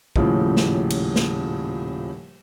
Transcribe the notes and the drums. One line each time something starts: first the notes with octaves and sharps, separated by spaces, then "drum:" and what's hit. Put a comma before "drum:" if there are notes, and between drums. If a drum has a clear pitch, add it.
D#1 A2 C#3 F3, drum: kick
drum: snare
drum: cymbal
drum: snare